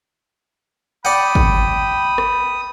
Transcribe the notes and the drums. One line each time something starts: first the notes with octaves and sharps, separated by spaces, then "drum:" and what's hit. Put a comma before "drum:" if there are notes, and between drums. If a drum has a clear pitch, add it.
D5 F#5 G5 B5 D#6
drum: kick
drum: rim click